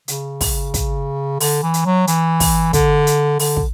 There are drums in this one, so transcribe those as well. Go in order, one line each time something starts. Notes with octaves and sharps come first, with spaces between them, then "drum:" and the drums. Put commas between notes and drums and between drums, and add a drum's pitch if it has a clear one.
C#3, drum: hi-hat
drum: kick, open hi-hat
drum: kick, hi-hat
D3, drum: open hi-hat
E3
drum: hi-hat
F#3
E3, drum: hi-hat
drum: kick, open hi-hat
D3, drum: kick, hi-hat
drum: hi-hat
D3, drum: open hi-hat
drum: kick